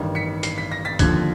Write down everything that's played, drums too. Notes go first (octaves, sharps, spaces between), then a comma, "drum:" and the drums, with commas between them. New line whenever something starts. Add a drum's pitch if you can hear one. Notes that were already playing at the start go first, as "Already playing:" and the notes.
Already playing: A1 G2 D#3
B6 C#7
C7, drum: hi-hat
B6
A#6
A6 B6
D#2 D3 F3 F#6 G#6, drum: kick, hi-hat